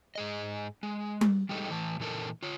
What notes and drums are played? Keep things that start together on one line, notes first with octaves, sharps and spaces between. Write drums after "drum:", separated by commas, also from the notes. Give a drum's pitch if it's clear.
G#2 G#4 D#5
G#3
drum: tom G3
G3 G#3 D#4 G4 A4
A2 E3 A5
A#2 E3 D#4 A4 A#4
F4 C#5